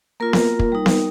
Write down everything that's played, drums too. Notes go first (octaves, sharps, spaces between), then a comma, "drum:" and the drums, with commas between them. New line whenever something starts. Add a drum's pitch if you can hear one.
A#3 F4 A#4
drum: snare B3
drum: kick
G3 D#4
drum: snare B3